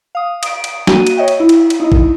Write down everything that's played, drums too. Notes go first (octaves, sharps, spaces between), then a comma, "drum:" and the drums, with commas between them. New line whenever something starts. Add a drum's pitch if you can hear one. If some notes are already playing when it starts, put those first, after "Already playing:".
F5 D#6
D#6 D7, drum: cymbal
drum: cymbal
A#3 F#4 D#7, drum: snare
drum: cymbal
C#5 D#5 E5 G5
drum: cymbal
E4
drum: cymbal
drum: cymbal
D#4 E4 D#5
drum: kick A1